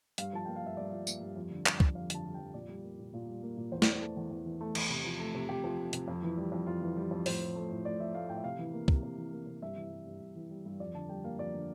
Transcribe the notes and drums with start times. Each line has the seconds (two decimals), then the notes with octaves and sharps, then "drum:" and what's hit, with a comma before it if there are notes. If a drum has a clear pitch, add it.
0.18 G2 F5, drum: hi-hat
0.33 F3 A5
0.45 A#3 G5
0.56 F5
0.62 G2 E5
0.77 G2 D5
0.92 F3
1.07 A#3, drum: tambourine
1.21 G2
1.36 F2
1.51 D3
1.66 G3, drum: clap
1.80 F2, drum: kick
1.95 F2 F5
2.10 D3 A5, drum: hi-hat
2.25 G3
2.34 F2 G5
2.54 A#2 D5
2.69 G3
2.84 A#3
2.99 A#2
3.13 A#2
3.28 G3
3.43 A#3
3.57 A#2
3.72 E2 C5
3.82 D5, drum: snare
3.87 E3 C5
4.01 A3 A4
4.17 E2
4.31 E2
4.46 E3
4.61 A3
4.75 E2, drum: cymbal
4.90 C3
5.04 F3
5.20 A3
5.35 C3
5.49 C3 G4
5.64 F3
5.79 A3
5.93 C3, drum: hi-hat
6.08 F2
6.23 E3
6.37 G3
6.52 F2
6.67 F2 F4
6.82 E3
6.97 G3
7.11 F2
7.26 A2 C5, drum: open hi-hat
7.41 F3
7.56 A3
7.70 A2
7.85 A2 D5
8.00 F3 E5
8.15 A3 F5
8.29 A2 G5
8.37 E5
8.44 C3 F5
8.59 E3
8.73 A#3
8.88 C3, drum: kick
9.03 C3
9.18 E3
9.33 A#3
9.47 C3
9.62 G2 E5
9.77 E3
9.91 G3
10.06 G2
10.21 G2
10.36 E3
10.51 G3
10.66 G2
10.80 F2 D5
10.94 D3 A5
11.09 G3 G5
11.24 A#3 F5
11.39 F2 D5
11.54 D3